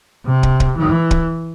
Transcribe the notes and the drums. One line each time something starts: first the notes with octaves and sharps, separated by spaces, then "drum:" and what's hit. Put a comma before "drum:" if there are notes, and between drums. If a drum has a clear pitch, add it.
C3
drum: kick
drum: kick
E3
drum: kick